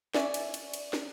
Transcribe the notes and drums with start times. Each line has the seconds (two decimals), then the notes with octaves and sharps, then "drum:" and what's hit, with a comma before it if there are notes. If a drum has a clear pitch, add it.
0.15 C#4 D5 E5 G#5, drum: snare
0.34 drum: cymbal
0.54 drum: cymbal
0.74 drum: cymbal
0.93 drum: snare